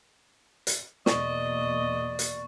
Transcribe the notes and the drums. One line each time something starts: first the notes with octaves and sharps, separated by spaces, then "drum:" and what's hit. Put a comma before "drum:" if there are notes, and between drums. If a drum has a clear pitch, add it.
drum: hi-hat
E2 B2 A#3 D5 D#5 C#6, drum: snare
drum: hi-hat